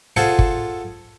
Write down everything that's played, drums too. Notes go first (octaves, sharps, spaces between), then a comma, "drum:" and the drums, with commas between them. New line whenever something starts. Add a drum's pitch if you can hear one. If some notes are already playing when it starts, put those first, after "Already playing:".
F4 G#4 A4 C5 F#5
drum: kick